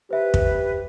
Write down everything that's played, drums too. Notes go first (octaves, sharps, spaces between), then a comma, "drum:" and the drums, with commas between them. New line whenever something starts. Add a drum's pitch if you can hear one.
G4 B4 C5 E5
drum: kick